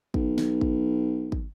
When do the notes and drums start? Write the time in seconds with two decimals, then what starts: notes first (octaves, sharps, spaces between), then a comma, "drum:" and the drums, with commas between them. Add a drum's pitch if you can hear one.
0.14 B1, drum: kick
0.38 drum: snare
0.61 drum: kick
1.32 drum: kick